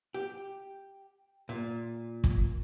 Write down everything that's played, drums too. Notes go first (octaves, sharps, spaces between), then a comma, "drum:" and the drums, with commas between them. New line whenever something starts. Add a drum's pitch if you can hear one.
G4
A#2
drum: kick